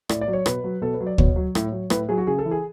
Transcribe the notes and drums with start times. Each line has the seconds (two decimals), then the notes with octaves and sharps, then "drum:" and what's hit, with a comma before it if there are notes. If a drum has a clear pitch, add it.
0.09 A2 D5, drum: rim click
0.21 D5
0.28 F#3
0.33 C#5
0.46 B2 B4, drum: rim click
0.64 F#3
0.82 B2 A4
0.94 B4
1.01 F#3
1.07 D5
1.18 B2 C#5, drum: kick D2
1.36 F#3
1.55 A2, drum: rim click
1.72 F#3
1.90 A2 B4, drum: rim click
2.09 F#3 G#4
2.18 F#4
2.27 C#3 G#4
2.38 A4
2.45 E3
2.51 G#4